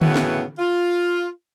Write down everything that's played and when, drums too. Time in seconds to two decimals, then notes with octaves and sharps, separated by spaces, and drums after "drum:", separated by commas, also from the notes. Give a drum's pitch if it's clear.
0.02 A2 C#3 E3 B3 F#4, drum: tom D3
0.16 drum: snare
0.58 F4